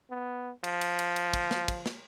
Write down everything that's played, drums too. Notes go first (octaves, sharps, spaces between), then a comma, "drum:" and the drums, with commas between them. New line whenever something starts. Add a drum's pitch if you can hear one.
B3
F3, drum: cymbal
drum: cymbal
drum: cymbal
drum: cymbal
drum: kick, cymbal
drum: snare
drum: kick, cymbal
drum: snare